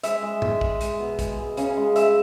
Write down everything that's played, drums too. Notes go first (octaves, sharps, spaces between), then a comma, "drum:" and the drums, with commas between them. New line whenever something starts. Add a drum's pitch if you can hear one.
G#3 E5, drum: hi-hat
G#3
G#3, drum: tom G#2
G#3, drum: kick
G#3, drum: hi-hat
B2
G#3, drum: kick, hi-hat
G#3
C#3, drum: hi-hat
G#3
G#3 E5, drum: hi-hat